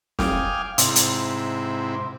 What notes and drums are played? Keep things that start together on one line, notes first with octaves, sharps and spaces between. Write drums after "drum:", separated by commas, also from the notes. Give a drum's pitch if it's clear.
F5 G5 G#5 D6 D#6 F6, drum: snare
G#2 C3 C4 E4, drum: hi-hat
drum: hi-hat